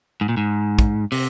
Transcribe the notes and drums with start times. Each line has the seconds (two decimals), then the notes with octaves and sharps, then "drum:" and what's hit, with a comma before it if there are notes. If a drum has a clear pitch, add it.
0.21 G#2
0.29 A#2
0.37 G#2
0.79 drum: kick, hi-hat
1.12 C3, drum: open hi-hat